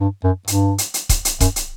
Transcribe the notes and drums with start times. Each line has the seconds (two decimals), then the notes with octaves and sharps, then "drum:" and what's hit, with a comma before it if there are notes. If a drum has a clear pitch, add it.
0.01 G2
0.24 F#2
0.47 G2, drum: hi-hat
0.78 drum: hi-hat
0.94 drum: hi-hat
1.09 drum: kick, hi-hat
1.25 drum: hi-hat
1.40 F#2, drum: kick, hi-hat
1.56 drum: hi-hat